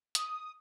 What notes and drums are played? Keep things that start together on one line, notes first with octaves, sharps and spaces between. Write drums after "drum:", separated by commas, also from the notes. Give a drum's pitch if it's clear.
D#6, drum: hi-hat